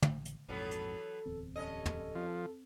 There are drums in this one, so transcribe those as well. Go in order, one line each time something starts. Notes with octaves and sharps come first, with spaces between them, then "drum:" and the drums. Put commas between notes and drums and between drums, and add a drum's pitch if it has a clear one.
A1, drum: tom
drum: hi-hat
A#1 F2 G#2 E3 F#3 B3 A4
drum: hi-hat
D1 E2 C4
G3 C#4 A4 D#5
drum: tom
F3 C4